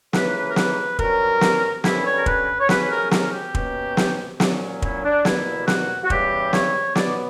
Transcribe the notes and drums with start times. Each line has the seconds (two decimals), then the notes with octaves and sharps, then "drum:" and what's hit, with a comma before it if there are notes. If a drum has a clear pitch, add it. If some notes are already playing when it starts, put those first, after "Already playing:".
0.13 C#3 E3 A#3 C#4 B4, drum: snare
0.50 A#4
0.56 B4, drum: snare
0.99 G2 F#3 C#4 A#4, drum: kick
1.41 drum: snare
1.84 G2 D3 G3 C#4 E4, drum: snare
2.05 C#5
2.16 A#4
2.26 B4, drum: kick
2.60 C#5
2.69 C#3 F#3 C#4 B4, drum: snare
2.91 A#4
3.11 A#4, drum: snare
3.33 G4
3.55 B2 A#3 C#4, drum: kick
3.97 drum: snare
4.40 A#2 F#3 C#4, drum: snare
4.82 E4, drum: kick
5.04 D4
5.25 E2 B2 A#3 E4, drum: snare
5.68 F#4, drum: snare
6.04 F#4
6.10 E2 C#3 E3 G3 G4, drum: kick
6.53 C#5, drum: snare
6.95 B2 F#3 B3 D5, drum: snare